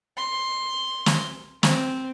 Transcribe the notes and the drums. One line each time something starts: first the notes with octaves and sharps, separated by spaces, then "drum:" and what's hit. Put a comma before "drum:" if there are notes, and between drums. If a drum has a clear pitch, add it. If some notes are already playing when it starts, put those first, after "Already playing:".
C6
drum: snare
C4, drum: snare